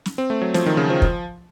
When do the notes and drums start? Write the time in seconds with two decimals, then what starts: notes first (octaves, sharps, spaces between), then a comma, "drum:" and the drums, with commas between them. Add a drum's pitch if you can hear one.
0.06 drum: snare
0.18 C4
0.30 A3
0.42 F#3
0.54 F3, drum: snare
0.66 D#3
0.77 C#3
0.90 F3
1.02 drum: kick